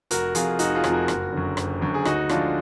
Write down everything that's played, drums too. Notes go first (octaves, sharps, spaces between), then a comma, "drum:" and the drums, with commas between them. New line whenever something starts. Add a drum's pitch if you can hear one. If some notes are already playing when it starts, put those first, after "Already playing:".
F1 F#4 A#4, drum: hi-hat
F2 F3 F4 G#4, drum: hi-hat
F1 D#4 F#4, drum: hi-hat
F4 G#4
F2 F3, drum: rim click
F#4 A#4
F#1, drum: rim click
F#2 D3
F#1, drum: rim click
F#2 D3
G#4
D2 D#4 F#4, drum: rim click
D3 F3 G#3 D4 F4, drum: rim click